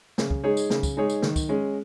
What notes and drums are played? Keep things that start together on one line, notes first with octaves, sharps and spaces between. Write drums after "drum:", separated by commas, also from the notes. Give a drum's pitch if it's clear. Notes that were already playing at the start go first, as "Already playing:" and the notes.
C#3, drum: snare
drum: kick
G#3 D#4 G#4 C#5
drum: tambourine
C#3, drum: snare
drum: kick, tambourine
G#3 D#4 G#4 C#5
drum: tambourine
D#3, drum: snare
drum: kick, tambourine
G#3 C#4